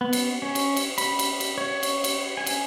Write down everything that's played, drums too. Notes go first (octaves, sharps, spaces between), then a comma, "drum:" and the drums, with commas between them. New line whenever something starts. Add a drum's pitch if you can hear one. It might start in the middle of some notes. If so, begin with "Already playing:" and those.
B3
drum: cymbal
C#4
drum: cymbal
drum: cymbal
B5, drum: cymbal
drum: cymbal
drum: cymbal
C#5
drum: cymbal
drum: cymbal
G#5
drum: cymbal